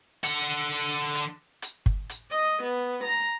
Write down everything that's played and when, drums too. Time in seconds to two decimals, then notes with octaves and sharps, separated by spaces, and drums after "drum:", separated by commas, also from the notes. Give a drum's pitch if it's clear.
0.24 D3 F#5, drum: hi-hat
1.15 drum: hi-hat
1.62 drum: hi-hat
1.86 drum: kick G1
2.09 drum: hi-hat
2.31 D#5
2.63 B3
3.04 A#5